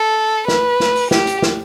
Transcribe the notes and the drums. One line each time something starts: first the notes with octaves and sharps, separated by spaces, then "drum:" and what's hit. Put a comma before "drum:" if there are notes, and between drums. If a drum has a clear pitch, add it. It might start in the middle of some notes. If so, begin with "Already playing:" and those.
Already playing: A4
B4, drum: snare
drum: snare
drum: open hi-hat
G4, drum: snare
drum: hi-hat
drum: snare